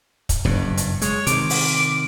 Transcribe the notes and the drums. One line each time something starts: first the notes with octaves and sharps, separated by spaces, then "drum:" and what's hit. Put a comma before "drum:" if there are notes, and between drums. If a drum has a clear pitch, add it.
drum: kick, hi-hat
F#1 G2 B2
drum: hi-hat
G#3 C#5, drum: hi-hat
C3 D#3 D6, drum: hi-hat
drum: open hi-hat